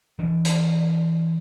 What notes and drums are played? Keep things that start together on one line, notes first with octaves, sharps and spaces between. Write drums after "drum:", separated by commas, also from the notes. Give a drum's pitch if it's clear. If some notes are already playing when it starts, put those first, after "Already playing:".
E3 D4
drum: hi-hat